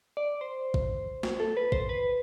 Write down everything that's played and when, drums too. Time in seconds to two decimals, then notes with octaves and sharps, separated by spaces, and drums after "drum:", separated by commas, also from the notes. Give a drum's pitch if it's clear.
0.17 D5
0.41 C5
0.74 drum: kick A1
1.23 drum: snare
1.40 A4
1.57 B4
1.72 C5, drum: kick A1
1.89 B4